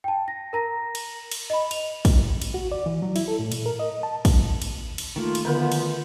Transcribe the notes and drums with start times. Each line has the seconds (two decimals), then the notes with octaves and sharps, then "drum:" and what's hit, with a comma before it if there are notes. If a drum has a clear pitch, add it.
0.04 G5 A5
0.28 A#6
0.53 A#4 A#5 A#6
0.95 drum: cymbal
1.32 drum: cymbal
1.50 D#5 B5
1.71 F7, drum: cymbal
2.05 drum: kick, cymbal
2.42 drum: cymbal
2.54 F#4
2.72 D5
2.86 E3
3.02 F#3
3.16 E4, drum: cymbal
3.28 A4
3.39 A2
3.52 A#2, drum: cymbal
3.66 A#4
3.79 D#5
4.03 A5
4.25 drum: kick, cymbal
4.62 drum: cymbal
4.98 drum: cymbal
5.16 D#3 A3 A#3 F4
5.35 drum: cymbal
5.45 D2 D3 D#3 F3 B3 A#4 E5 G6
5.72 drum: cymbal